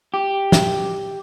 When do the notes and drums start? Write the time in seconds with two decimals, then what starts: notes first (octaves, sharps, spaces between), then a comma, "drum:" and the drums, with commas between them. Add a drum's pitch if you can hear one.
0.14 G4
0.52 drum: snare